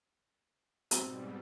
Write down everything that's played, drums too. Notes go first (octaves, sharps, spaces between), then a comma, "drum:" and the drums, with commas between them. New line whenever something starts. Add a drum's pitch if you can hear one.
G#2 B2 G3 C4, drum: hi-hat